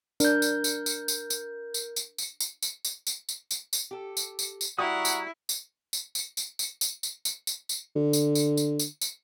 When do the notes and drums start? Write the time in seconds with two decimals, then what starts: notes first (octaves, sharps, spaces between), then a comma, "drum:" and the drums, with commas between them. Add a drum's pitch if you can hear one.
0.20 D4 A#4 G6, drum: tambourine
0.42 drum: tambourine
0.64 drum: tambourine
0.86 drum: tambourine
1.08 drum: tambourine
1.30 drum: tambourine
1.74 drum: tambourine
1.96 drum: tambourine
2.18 drum: tambourine
2.40 drum: tambourine
2.62 drum: tambourine
2.85 drum: tambourine
3.07 drum: tambourine
3.29 drum: tambourine
3.51 drum: tambourine
3.73 drum: tambourine
3.91 G4 A4
4.17 drum: tambourine
4.39 drum: tambourine
4.61 drum: tambourine
4.79 G3 E4 F#4 F#5 G5 A#5 C#6 D#6
5.05 drum: tambourine
5.49 drum: tambourine
5.93 drum: tambourine
6.15 drum: tambourine
6.37 drum: tambourine
6.59 drum: tambourine
6.81 drum: tambourine
7.03 drum: tambourine
7.25 drum: tambourine
7.47 drum: tambourine
7.69 drum: tambourine
7.96 D3
8.13 drum: tambourine
8.35 drum: tambourine
8.57 drum: tambourine
8.79 drum: tambourine
9.02 drum: tambourine